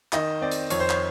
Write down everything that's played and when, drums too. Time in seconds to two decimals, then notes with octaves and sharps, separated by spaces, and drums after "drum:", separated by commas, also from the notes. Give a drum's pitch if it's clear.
0.13 D#3 D#5, drum: clap
0.41 C4 D5
0.52 drum: hi-hat
0.70 F2 C#5, drum: hi-hat
0.80 C5
0.90 C#5, drum: clap